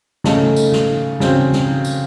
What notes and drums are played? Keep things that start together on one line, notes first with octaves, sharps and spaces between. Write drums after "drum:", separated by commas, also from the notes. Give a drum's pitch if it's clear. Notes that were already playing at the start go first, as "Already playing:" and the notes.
C#3 A3 D#4 A4, drum: snare
drum: tambourine
drum: snare
C#3 F#3 C4, drum: snare
drum: snare
drum: tambourine